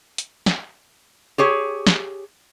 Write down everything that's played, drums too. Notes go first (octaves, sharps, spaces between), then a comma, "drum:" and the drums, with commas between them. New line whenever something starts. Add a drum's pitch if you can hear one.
drum: hi-hat
drum: snare
G4 G#4 C#5
drum: snare